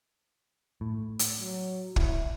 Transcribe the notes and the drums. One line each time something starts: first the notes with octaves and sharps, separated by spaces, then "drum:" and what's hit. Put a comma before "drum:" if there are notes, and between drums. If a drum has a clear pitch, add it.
A2
drum: hi-hat
F#3
E4, drum: kick